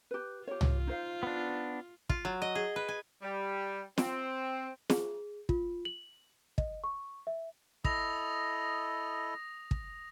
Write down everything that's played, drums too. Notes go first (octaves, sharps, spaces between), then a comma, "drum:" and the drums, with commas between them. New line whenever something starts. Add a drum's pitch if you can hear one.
G4 B4
F4 G4 C#5
drum: tom
D#4 C5 F5
B3 D4
F4, drum: kick
F#3
D#5
G#4
B4
G#5
G3
C4, drum: snare
G#4, drum: snare
F4, drum: kick
F#7
D#5, drum: kick
C#6
E5
E4 A4 D#5 D#6 A#6 F7, drum: kick
drum: kick